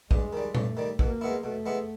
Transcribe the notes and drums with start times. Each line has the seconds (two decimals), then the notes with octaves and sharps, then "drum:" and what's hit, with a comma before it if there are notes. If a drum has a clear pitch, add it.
0.11 G2 G#3, drum: kick
0.33 D#3 G3
0.55 G2 A3, drum: tom A#2
0.77 D#3 G3
0.99 B2 A#3, drum: kick
1.21 G#3 B3 E4
1.44 B2 A3
1.66 G#3 B3 E4